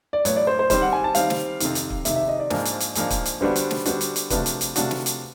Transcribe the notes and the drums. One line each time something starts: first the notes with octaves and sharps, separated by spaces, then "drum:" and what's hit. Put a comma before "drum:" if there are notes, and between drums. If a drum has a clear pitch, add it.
D5
A2 F#3 B3 C#5, drum: hi-hat
D5
C5
C5
D#3 G3 C4 C5, drum: kick, hi-hat
F#5
G#5
A5
D#3 G3 C4 F5, drum: hi-hat
drum: snare
F2 C3 D#3, drum: hi-hat
drum: hi-hat
drum: kick
F2 C3 D#3 E5, drum: hi-hat
E5
D#5
D5
G#2 F3 A#3 D4, drum: snare
drum: hi-hat
drum: hi-hat
G#2 F3 A#3 D4, drum: hi-hat
drum: kick, hi-hat
drum: hi-hat
D3 G3 B3 D4 F#4 C5
drum: hi-hat
drum: snare
D3 G3 B3 D4 F#4, drum: hi-hat
drum: hi-hat
drum: hi-hat
C3 F3 A3 D4 F#4 B4, drum: kick, hi-hat
drum: hi-hat
drum: hi-hat
C3 F3 A3 D4 F#4, drum: hi-hat
drum: snare
drum: hi-hat